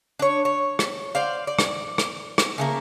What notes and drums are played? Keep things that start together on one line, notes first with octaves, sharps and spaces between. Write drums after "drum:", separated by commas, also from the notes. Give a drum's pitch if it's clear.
D4 C#5
C#5
drum: rim click
C5 D5 F5
D5
drum: rim click
drum: rim click
drum: rim click
C#3 A3 A#3